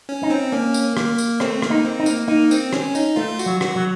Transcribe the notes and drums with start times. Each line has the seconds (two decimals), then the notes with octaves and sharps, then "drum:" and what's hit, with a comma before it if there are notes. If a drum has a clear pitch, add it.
0.09 C#4
0.23 D#4
0.30 C4
0.52 A#3 C#4
0.74 drum: tambourine
0.97 A#3, drum: rim click
1.18 drum: tambourine
1.40 A3 C4, drum: rim click
1.62 A#3, drum: rim click
1.70 D#4
1.85 C4
1.99 D#4
2.06 A#3, drum: tambourine
2.28 A#3 D#4
2.51 C4, drum: tambourine
2.73 C#4, drum: rim click
2.95 D#4, drum: tambourine
3.16 A3 F4
3.39 F#4, drum: tambourine
3.46 F#3
3.61 F#4, drum: rim click
3.76 F#3